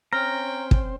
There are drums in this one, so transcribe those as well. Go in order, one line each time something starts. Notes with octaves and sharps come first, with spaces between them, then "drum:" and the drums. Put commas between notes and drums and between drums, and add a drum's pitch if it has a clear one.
C4 C#4 C5 G5 A#5 F6
drum: kick